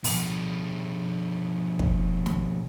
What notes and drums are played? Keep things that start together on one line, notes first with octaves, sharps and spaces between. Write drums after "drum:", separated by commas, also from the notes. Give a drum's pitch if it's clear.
B2 F3, drum: open hi-hat
drum: kick
drum: snare